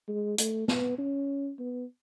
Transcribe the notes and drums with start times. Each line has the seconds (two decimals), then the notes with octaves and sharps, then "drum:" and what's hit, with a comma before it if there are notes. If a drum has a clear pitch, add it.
0.08 G#3
0.38 A3, drum: hi-hat
0.68 B3, drum: snare
0.98 C#4
1.59 B3